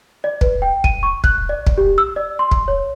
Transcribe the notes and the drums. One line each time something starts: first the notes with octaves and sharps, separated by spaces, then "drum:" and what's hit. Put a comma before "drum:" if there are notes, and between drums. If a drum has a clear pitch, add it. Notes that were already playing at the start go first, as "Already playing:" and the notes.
D5
B4, drum: kick
G5
D#7, drum: kick
C#6
F#6, drum: kick
D5
drum: kick
G4
E6
D5
C6
drum: kick
C#5